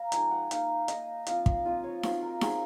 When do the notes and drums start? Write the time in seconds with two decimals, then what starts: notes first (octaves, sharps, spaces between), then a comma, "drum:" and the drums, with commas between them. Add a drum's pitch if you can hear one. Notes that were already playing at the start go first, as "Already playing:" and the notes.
Already playing: F5 A#5
0.12 F3 G#3 D#4 G#5, drum: hi-hat
0.31 F#5
0.51 A#3 D#4 F5, drum: hi-hat
0.88 A#3 D#4 D#5, drum: hi-hat
1.26 F3 C4 F4 F5, drum: hi-hat
1.46 drum: kick
1.65 F3 C4 F4 D#5
1.84 C#5
2.03 F#3 C4 F4 C5, drum: snare D#4
2.22 A#4
2.41 F#3 C4 F4 G#4, drum: snare D#4